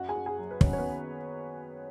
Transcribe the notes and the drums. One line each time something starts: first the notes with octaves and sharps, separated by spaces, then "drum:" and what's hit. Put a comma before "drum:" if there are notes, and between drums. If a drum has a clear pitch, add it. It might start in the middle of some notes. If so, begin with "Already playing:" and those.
Already playing: F#2 F#4 F#5
G#4 G#5
F#2
G#4 G#5
F#3
B4
D#3 C#4 C#5, drum: kick
C#5
B3 B4